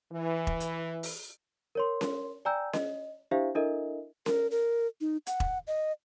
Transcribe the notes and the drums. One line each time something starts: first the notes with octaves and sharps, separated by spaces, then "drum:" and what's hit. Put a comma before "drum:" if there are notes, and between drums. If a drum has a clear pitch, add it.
E3
drum: kick E1
drum: hi-hat
drum: open hi-hat
A#4 C#5 C6
drum: snare C#4
D5 G5 G#5 A#5 E6 G6
D#5, drum: snare C#4
D4 E4 G4 C5 E5 F5
D4 E4 A4 A#4 D#5 E5
A#4, drum: snare C#4
A#4
D#4
F#5, drum: hi-hat
drum: kick E1
D#5